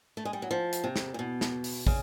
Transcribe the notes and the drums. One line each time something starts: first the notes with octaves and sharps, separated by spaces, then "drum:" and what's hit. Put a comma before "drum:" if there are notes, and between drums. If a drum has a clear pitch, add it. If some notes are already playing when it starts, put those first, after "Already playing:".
A3
G#3
G3
F#3
F3
drum: hi-hat
C3
drum: snare
A#2
B2
drum: snare
drum: open hi-hat
C#3, drum: kick